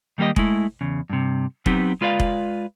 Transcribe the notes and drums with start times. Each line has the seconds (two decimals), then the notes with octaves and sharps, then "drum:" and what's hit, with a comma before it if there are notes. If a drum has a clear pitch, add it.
0.18 D#3 G3 A#3 G4 D#5
0.36 G#3 A3 E4, drum: kick F1
0.81 E2 C#3
1.10 G2 C3
1.66 F#3 B3 C4 D#4 G4, drum: kick F1
2.01 G#3 F4 B4 D5 E5 F5
2.20 drum: kick F1